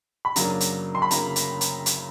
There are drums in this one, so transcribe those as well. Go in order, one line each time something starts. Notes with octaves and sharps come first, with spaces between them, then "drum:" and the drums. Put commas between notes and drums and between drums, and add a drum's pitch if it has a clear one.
B5
F#2 C#3 F#3 A#3 D4 A#5, drum: hi-hat
drum: hi-hat
C6
B5
C#3 F#3 A#3 A#5, drum: hi-hat
drum: hi-hat
drum: hi-hat
drum: hi-hat